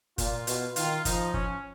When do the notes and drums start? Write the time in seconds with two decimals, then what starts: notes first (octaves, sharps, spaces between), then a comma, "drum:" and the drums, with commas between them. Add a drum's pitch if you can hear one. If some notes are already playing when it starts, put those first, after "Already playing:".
0.18 A#2 F4, drum: kick, hi-hat
0.47 B2, drum: hi-hat
0.76 D#3 F4, drum: hi-hat
1.05 F3 D#4, drum: kick, hi-hat
1.34 C#4, drum: kick